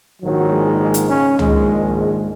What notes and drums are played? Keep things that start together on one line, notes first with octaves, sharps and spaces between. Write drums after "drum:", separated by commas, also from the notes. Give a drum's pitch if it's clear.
A#1 G#2 D#3 F#3
G#3
G#3
drum: hi-hat
C#3 C#4
A#1 G#2 D#3 G#3, drum: tom C#2
G#3